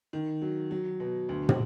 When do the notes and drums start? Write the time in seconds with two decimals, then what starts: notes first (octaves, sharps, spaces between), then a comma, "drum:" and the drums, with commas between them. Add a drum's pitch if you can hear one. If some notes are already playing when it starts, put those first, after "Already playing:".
0.13 D#3
0.42 F#3
0.71 F#3
1.00 B2
1.29 D2
1.49 drum: tom